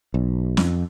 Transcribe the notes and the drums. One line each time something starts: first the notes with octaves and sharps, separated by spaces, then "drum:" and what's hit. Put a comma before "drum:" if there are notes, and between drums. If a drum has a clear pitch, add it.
B1
F2, drum: snare